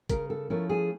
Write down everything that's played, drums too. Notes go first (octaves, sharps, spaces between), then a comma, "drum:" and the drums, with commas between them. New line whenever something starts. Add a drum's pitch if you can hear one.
C#3 A#4, drum: kick, hi-hat
A4
F3 A3 C#4 E4 A#4
G#4